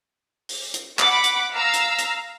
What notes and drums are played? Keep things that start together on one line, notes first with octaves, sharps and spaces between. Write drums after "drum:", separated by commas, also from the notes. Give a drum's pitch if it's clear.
drum: open hi-hat
drum: hi-hat
F#5 B5 D6, drum: clap
drum: hi-hat
F5 A#5 E6
drum: hi-hat
drum: hi-hat